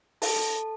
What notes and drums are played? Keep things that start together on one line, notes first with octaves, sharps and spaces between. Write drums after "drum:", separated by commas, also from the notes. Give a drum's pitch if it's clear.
A4 A5, drum: open hi-hat
drum: hi-hat